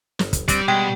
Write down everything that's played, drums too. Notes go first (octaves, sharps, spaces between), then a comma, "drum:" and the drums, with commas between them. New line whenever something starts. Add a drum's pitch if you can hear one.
G1, drum: snare
drum: kick, hi-hat
G3 C4 D4 D5, drum: kick, hi-hat
B2 G#3 G5